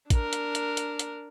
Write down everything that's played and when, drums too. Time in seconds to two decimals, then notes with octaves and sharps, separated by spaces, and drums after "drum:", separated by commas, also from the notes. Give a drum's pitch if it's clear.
0.10 D4 A#4, drum: kick, hi-hat
0.33 drum: hi-hat
0.55 drum: hi-hat
0.77 drum: hi-hat
0.99 drum: hi-hat